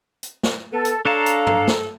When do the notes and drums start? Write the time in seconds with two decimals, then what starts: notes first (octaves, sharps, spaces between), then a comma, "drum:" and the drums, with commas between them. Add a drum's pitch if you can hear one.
0.23 drum: hi-hat
0.43 drum: snare
0.73 B3 A4
0.85 drum: hi-hat
1.05 D4 A4 C#5 F5 A5 A#5
1.26 drum: hi-hat
1.47 drum: tom G2
1.67 drum: snare